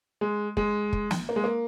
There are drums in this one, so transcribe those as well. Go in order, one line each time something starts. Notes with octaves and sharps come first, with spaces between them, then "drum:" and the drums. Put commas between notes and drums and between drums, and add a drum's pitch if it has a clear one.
G#3
G#3, drum: kick
drum: kick
drum: snare
A#3
G#3
A#3